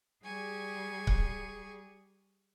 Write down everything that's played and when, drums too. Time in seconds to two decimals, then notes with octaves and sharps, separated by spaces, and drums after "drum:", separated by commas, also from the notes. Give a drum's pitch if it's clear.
0.24 G3 G#4 G#5 C#6
1.07 drum: kick C#1